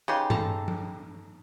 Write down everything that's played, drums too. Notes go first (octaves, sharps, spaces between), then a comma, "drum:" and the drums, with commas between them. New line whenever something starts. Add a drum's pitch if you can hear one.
C#3 D#4 G4 B4 C6
A4 A5 A#5, drum: tom G2
drum: tom F3